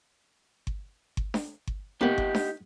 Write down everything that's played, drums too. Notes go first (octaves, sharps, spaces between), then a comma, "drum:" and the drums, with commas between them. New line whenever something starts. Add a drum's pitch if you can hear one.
drum: kick G1
drum: kick G1
drum: snare D4
drum: kick G1
A#3 B3 D#4 G4 F#5
drum: kick G1
drum: snare D4